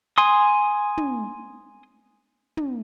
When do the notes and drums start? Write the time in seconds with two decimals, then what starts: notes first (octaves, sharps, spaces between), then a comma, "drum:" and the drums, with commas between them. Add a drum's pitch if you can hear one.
0.18 G#5 C6 D#6
0.97 drum: tom
2.57 drum: tom